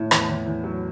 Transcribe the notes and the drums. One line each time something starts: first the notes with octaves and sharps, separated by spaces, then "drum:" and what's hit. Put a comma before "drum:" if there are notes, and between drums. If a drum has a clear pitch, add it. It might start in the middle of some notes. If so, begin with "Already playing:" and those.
Already playing: A2
E2, drum: rim click
E2
E2
F#3